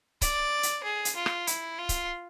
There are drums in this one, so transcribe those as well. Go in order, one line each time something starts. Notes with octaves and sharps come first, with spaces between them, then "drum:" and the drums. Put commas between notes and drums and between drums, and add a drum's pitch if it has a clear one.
D5, drum: kick C#1, hi-hat
drum: hi-hat
G#4
drum: hi-hat
F4
drum: rim click
E4, drum: hi-hat
F4
drum: kick C#1, hi-hat